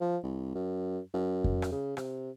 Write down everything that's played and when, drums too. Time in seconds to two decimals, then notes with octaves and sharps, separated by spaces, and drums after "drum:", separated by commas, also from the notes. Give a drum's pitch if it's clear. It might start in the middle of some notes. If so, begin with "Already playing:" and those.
0.01 F3
0.23 C2
0.55 F#2
1.14 F#2
1.44 drum: kick F2
1.62 drum: rim click
1.72 C#3
1.97 C3, drum: rim click